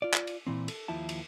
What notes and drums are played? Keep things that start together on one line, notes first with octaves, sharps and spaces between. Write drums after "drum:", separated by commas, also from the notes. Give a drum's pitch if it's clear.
F4 D5
drum: clap
drum: cymbal
A#2 E3 C4
A4, drum: cymbal
D#2 F3 E4 A5
drum: cymbal